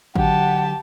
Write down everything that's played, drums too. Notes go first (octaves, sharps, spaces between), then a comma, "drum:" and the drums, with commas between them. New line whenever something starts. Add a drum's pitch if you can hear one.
D3 F#3 G4 F#5 A5, drum: kick G#1